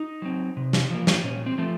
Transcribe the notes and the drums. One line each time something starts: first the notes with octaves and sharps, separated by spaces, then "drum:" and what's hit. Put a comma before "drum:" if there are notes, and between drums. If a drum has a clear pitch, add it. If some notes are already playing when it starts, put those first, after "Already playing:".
Already playing: D#4
F#3 C4
C3
drum: snare
F3 A#3
drum: snare
A#2 C#4
C4
F3 A3 C4